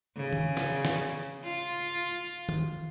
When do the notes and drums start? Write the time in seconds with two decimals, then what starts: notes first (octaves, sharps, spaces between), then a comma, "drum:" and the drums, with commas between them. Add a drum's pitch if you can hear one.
0.17 C#3
0.33 drum: tom
0.57 drum: snare
0.85 drum: snare
1.44 F4
2.49 drum: tom